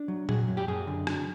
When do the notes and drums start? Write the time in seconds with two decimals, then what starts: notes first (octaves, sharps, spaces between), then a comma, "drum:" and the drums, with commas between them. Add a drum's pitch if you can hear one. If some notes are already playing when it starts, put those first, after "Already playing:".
Already playing: D4
0.08 F#3
0.29 F#3 G#4, drum: tom A#2
0.48 F#2
0.57 G4
0.68 F#2 G#4
0.87 D3
1.07 F#3, drum: rim click